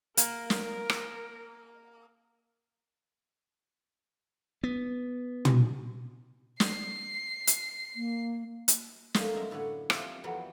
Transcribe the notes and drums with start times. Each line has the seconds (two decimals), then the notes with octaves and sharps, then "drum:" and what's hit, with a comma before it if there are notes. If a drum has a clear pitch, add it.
0.17 A#3 A#4, drum: hi-hat
0.50 drum: snare
0.90 drum: rim click
4.64 B3
5.45 drum: tom
6.60 C7, drum: snare
7.47 drum: hi-hat
7.96 A#3
8.68 drum: hi-hat
9.14 A3 A#3 A#4, drum: snare
9.33 F#2 G#3 E5 A#5
9.51 A2 D3 B4 C#5 F#5
9.90 F3 C4 G4 A#4 C5 E5, drum: rim click
10.24 F2 C3 E3 F#3 G3 B3